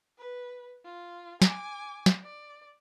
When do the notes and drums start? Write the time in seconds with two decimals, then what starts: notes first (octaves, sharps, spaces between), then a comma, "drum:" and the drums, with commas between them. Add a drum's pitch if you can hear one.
0.18 B4
0.85 F4
1.42 G#5 D6, drum: snare
2.06 drum: snare
2.23 D5